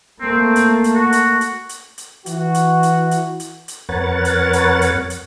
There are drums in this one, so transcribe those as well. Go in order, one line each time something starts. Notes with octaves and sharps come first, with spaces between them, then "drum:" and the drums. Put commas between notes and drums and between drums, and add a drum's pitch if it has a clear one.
A3 A#3 C4
drum: hi-hat
drum: hi-hat
F#4
drum: hi-hat
drum: hi-hat
drum: hi-hat
drum: hi-hat
E3 F#4, drum: hi-hat
drum: hi-hat
drum: hi-hat
drum: hi-hat
drum: hi-hat
drum: hi-hat
F2 A#4 B4 C#5 F#5 A6
drum: hi-hat
drum: hi-hat
drum: hi-hat
drum: hi-hat